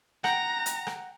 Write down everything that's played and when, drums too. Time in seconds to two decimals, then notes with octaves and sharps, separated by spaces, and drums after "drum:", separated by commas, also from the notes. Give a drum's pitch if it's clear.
0.24 F#5 G5 A#5, drum: rim click
0.66 drum: hi-hat
0.87 drum: rim click